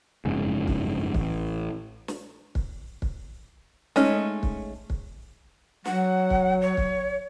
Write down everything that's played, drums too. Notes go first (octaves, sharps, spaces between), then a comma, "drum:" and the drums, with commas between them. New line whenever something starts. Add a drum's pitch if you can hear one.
F#1 F2 G#2 C#3
drum: kick
A1, drum: kick
drum: snare
drum: kick
drum: kick
G#3 A3 C#4 D#4, drum: snare
drum: kick
drum: kick
F#3 F#5, drum: snare
drum: kick
C#5
drum: kick